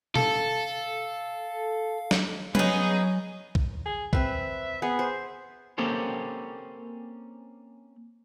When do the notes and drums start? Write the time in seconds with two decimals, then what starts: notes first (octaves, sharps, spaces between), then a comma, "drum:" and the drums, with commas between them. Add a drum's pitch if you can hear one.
0.16 A4 F5, drum: tom B2
2.11 drum: snare
2.55 F#3 B3 C#4 D#4 G#4, drum: tom F#3
3.55 drum: kick
3.85 G#4
4.13 C4 B4 E5, drum: kick
4.82 B3 G#4
4.99 C5
5.78 A#3 C4 C#4 G4 A4 C5